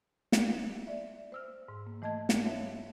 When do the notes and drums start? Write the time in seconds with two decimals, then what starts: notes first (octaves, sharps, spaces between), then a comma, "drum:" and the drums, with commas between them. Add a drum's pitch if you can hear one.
0.32 drum: snare
0.87 D5 E5
1.32 C5 E6 F6
1.68 G#2
1.87 A#3
2.02 E3 A3 D#5 A5 G#6
2.29 drum: snare
2.45 C#5 E5 F5